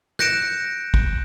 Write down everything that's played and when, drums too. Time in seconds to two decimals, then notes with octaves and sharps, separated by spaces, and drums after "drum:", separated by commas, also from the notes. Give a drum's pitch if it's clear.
0.19 F#6 G6 A#6 C#7 D7 E7, drum: snare
0.94 drum: kick